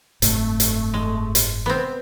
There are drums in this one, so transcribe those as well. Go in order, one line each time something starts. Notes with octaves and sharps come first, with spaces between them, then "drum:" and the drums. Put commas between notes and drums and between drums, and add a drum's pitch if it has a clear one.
F#1 G#2 C3 A3, drum: hi-hat
drum: hi-hat
G#3
drum: hi-hat
B3 C4